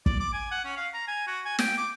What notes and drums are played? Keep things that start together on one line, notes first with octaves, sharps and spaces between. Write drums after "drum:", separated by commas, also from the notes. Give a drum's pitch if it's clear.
D5, drum: kick
D6
G#5
F#5
C#4
F5
A#5
G#5
F#4
G#5
G5, drum: snare
D6